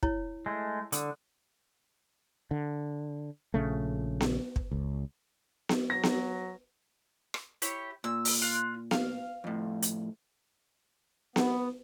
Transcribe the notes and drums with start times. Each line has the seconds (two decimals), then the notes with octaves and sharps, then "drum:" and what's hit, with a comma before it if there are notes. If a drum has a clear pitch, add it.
0.03 E4 C#5, drum: kick
0.46 G#3 A3
0.92 D3 D#6, drum: hi-hat
2.51 D3
3.54 A#1 C#3 A3
4.21 drum: snare B3
4.56 drum: kick
4.71 C#2
5.69 drum: snare B3
5.90 F#3 A#6
6.03 drum: snare B3
7.34 drum: rim click
7.62 E4 G4 C#5, drum: hi-hat
8.04 A#2 E6
8.25 drum: open hi-hat
8.42 F4 F#6
8.91 F5, drum: snare B3
9.44 F2 A2
9.82 drum: hi-hat
11.36 B3, drum: snare B3